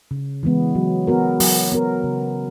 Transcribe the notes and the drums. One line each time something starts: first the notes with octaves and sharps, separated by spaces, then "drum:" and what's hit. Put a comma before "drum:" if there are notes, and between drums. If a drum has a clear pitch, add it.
C#3
E3 G#3 B3
F#3
B3 F#4 A#4
F#3, drum: open hi-hat
B3 F#4 A#4
C#3